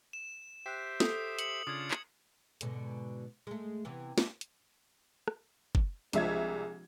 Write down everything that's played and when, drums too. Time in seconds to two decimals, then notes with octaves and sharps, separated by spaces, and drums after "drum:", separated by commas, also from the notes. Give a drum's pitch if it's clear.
0.13 E7
0.66 G4 C5 E5 G5 F#6
1.00 A4 D#6, drum: snare
1.39 C#7 F#7, drum: hi-hat
1.67 C#3 D4 F4 D#6 G#6
1.91 drum: clap
2.61 G#2 B2 D3, drum: hi-hat
3.47 G#3 A3
3.85 C3 E3 B3
4.18 D4, drum: snare
4.41 drum: hi-hat
5.28 drum: rim click
5.75 drum: kick
6.13 C2 F3 G#3 D4 G#4 E5 G#6, drum: hi-hat